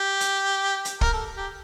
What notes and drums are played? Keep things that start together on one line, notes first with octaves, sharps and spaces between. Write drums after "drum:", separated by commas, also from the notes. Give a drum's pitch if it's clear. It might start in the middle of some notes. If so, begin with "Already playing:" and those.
Already playing: G4
drum: hi-hat
drum: hi-hat
A#4, drum: kick
A4
G4